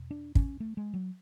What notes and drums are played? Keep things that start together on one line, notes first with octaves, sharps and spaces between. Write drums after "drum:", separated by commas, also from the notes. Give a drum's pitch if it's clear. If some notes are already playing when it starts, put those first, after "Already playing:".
Already playing: E2 B2
D4
C#4, drum: kick
A3
G#3
F#3